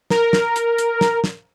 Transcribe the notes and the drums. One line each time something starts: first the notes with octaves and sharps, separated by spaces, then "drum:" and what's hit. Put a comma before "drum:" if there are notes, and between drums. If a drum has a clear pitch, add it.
A#4, drum: snare
drum: snare
drum: hi-hat
drum: hi-hat
drum: snare
drum: snare